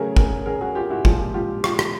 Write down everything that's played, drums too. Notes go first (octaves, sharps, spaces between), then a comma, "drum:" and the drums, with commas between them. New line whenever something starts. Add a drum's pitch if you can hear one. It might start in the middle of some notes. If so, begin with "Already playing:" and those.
Already playing: C#3 F#3 A3 G#4 A#4
G#4 A#4, drum: kick
G#4 A#4
F#4 G#4
F4 G4
E4 F#4
A#2 F3 G#3 F4 G4, drum: kick
F4 G4
F4 G4, drum: rim click
F4, drum: rim click